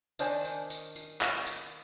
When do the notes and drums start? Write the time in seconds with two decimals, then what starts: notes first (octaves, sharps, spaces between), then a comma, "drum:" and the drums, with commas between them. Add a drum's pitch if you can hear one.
0.19 D#3 D4 C5 G#5, drum: tambourine
0.45 drum: tambourine
0.70 drum: tambourine
0.96 drum: tambourine
1.21 drum: clap
1.47 drum: tambourine